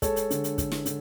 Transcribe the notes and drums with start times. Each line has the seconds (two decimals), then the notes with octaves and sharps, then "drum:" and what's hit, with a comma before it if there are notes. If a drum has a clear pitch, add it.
0.02 G#3 A4 C#5, drum: kick, hi-hat
0.16 drum: hi-hat
0.31 D3, drum: hi-hat
0.44 drum: hi-hat
0.58 D3, drum: kick, hi-hat
0.72 drum: snare
0.86 D3, drum: hi-hat